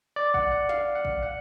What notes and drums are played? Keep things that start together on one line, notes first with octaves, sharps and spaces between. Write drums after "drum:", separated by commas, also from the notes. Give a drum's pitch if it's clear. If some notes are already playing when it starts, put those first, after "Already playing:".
D5
F#5, drum: kick
F#5
F5, drum: snare
F#5
drum: kick
F#5